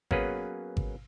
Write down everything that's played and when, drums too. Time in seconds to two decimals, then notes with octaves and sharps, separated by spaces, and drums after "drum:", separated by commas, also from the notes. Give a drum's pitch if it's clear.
0.11 F#3 A#3 B3 C#4 G#4 B4, drum: kick G#1
0.77 drum: kick G#1